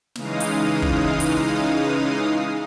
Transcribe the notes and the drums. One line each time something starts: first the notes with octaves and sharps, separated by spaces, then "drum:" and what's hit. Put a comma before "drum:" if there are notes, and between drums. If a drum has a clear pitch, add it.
C#3 E3 G#3 D#4 F5 D#6, drum: snare
drum: hi-hat
drum: kick
drum: hi-hat